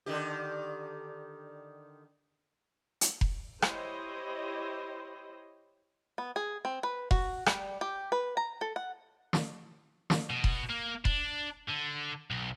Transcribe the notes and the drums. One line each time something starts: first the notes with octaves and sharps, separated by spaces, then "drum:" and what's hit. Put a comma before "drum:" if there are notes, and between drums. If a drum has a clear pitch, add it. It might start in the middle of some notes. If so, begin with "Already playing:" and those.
D3 D#3 G4
drum: hi-hat
drum: kick F1
E4 G4 C5 C#5 D#5, drum: rim click
B3
G#4
C4
B4
F#4, drum: kick F1
G3, drum: rim click
G4
B4
A#5
A4
F#5
drum: snare
drum: snare
B2
drum: kick F1
A#3
D4, drum: kick F1
D3
B1